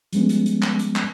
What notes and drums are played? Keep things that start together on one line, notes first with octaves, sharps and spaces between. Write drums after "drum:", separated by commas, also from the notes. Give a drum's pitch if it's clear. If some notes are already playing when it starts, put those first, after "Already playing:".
F3 G3 G#3 B3 C#4, drum: hi-hat
drum: hi-hat
drum: hi-hat
drum: clap
drum: hi-hat
drum: clap